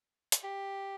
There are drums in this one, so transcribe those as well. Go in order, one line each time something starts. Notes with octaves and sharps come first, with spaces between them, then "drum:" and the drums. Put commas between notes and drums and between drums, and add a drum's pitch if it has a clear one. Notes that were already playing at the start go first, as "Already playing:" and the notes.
drum: hi-hat
G4